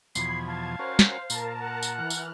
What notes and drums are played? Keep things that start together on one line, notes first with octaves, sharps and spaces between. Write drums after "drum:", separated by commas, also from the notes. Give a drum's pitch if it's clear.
E2 B2 F3 B5 G#6 C7, drum: tambourine
F5 A5 G#6
C#4 F#4 A#4 C5
drum: snare
A#2 A#4 A5 A#5, drum: tambourine
F#5
drum: tambourine
E3 F6 F#6
drum: tambourine